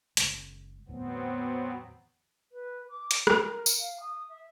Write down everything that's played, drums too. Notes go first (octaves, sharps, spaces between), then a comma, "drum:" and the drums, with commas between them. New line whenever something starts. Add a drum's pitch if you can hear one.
F#1 C#3 G#3, drum: hi-hat
E2 A2 D3 F#3 B3 C4
B4
D6
drum: hi-hat
A#4, drum: rim click
drum: tambourine
F5
D#6
E5